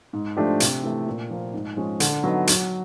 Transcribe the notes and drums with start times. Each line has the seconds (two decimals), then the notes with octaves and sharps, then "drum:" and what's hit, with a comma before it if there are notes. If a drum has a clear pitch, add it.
0.13 G#2
0.37 F3 A3 D4 G4
0.60 C3, drum: hi-hat
0.83 E3 A3
1.06 A#2
1.30 F3 A#3
1.54 G#2
1.77 F3 G#3 C#4
2.00 D3, drum: hi-hat
2.24 F#3 B3 D#4
2.47 F#3, drum: hi-hat